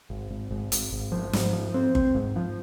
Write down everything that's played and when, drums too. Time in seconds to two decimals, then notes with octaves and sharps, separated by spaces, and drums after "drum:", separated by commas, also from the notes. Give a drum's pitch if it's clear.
0.10 G#1
0.30 G#1
0.51 G#1
0.72 G#1, drum: hi-hat
0.92 G#1
1.12 F3
1.33 G#2, drum: snare
1.53 F3
1.74 C4
1.95 C4, drum: kick G1
2.15 G#2
2.36 F3